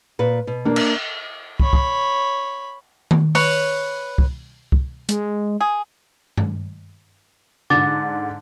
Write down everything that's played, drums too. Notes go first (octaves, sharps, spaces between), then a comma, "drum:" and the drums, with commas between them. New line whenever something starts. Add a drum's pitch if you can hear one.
A#2 B4
B2
A#3 D4
drum: cymbal
C#5 B5, drum: kick
drum: kick
drum: tom D#3
B4 C#5, drum: open hi-hat
drum: kick
drum: kick
G#3, drum: hi-hat
G#4
drum: tom G2
G#2 D3 D6 A6